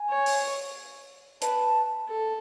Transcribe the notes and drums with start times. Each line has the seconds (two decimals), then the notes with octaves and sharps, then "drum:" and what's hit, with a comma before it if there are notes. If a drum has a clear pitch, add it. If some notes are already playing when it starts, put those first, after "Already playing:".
Already playing: G#5
0.09 C#5
0.26 drum: open hi-hat
1.42 B4 A5, drum: hi-hat
2.09 A4